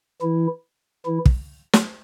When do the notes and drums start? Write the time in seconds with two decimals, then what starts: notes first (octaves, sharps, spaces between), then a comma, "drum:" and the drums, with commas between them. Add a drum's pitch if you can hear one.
0.22 E3 E4
1.06 E3 E4
1.26 drum: kick
1.73 drum: snare